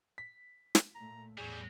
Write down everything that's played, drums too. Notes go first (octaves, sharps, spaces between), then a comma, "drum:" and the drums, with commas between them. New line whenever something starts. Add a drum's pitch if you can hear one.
B6
drum: snare
A#2 A3 A#5
E2 A2 F#3 G3 G#4